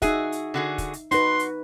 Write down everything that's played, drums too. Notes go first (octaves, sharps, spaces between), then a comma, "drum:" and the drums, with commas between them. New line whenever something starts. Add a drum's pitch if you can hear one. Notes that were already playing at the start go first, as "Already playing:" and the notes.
D#4 F#4 G#4 E5, drum: kick, hi-hat
drum: hi-hat
D3 F#4 G#4
drum: kick, hi-hat
drum: hi-hat
D#4 F#4 B4 C6, drum: hi-hat
drum: hi-hat